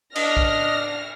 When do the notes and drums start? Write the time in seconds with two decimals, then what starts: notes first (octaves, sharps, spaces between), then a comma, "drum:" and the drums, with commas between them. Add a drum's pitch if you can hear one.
0.15 D4 D#5 F6 A#6, drum: cymbal
0.37 drum: kick